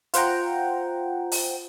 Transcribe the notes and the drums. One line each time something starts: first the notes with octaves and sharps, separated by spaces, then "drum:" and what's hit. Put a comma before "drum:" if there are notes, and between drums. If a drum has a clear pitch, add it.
F4 C5 F#5 G5 A#5, drum: hi-hat
drum: open hi-hat